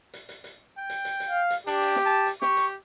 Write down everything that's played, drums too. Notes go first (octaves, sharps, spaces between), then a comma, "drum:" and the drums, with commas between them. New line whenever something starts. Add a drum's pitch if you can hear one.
drum: hi-hat
drum: hi-hat
drum: hi-hat
G5
drum: hi-hat
drum: hi-hat
drum: hi-hat
F5
drum: hi-hat
D4 G4, drum: hi-hat
drum: open hi-hat
drum: snare
A5
drum: hi-hat
G4 C#6, drum: snare
drum: hi-hat